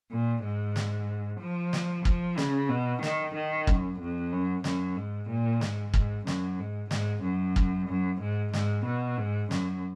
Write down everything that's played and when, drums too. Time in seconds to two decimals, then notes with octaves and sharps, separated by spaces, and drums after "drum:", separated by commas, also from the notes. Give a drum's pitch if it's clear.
0.12 A#2
0.43 G#2
0.76 drum: snare
1.40 F3
1.73 drum: snare
2.05 F3, drum: kick
2.38 C#3, drum: snare
2.70 B2
3.03 D#3, drum: snare
3.35 D#3
3.67 F#2, drum: kick
4.00 F2
4.33 F#2
4.64 F#2, drum: snare
4.96 G#2
5.29 A#2
5.61 G#2, drum: snare
5.94 G#2, drum: kick
6.27 F#2, drum: snare
6.59 G#2
6.91 G#2, drum: snare
7.24 F#2
7.56 drum: kick
7.88 F#2
8.21 G#2
8.54 G#2, drum: snare
8.86 B2
9.18 G#2
9.51 F#2, drum: snare